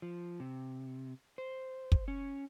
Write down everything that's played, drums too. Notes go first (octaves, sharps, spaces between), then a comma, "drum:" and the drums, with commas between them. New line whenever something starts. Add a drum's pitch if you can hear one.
F3
C3
C5
drum: kick
C#4